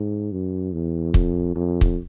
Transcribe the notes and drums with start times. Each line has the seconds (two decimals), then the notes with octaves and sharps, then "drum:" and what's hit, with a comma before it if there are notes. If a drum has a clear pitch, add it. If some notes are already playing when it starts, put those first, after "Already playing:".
Already playing: G#2
0.32 F#2
0.73 E2
1.14 F2, drum: kick
1.56 F2
1.81 drum: kick